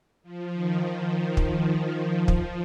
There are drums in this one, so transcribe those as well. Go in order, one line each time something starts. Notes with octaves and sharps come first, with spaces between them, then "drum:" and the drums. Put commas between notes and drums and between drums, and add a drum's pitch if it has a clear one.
F3
D#3
D#3
drum: kick
F3
drum: kick